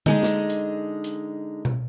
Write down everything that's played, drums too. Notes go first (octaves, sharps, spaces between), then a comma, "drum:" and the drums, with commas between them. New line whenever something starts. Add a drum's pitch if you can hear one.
D3 G#3 D#4, drum: tom D3
drum: snare
drum: hi-hat
drum: hi-hat
drum: tom B2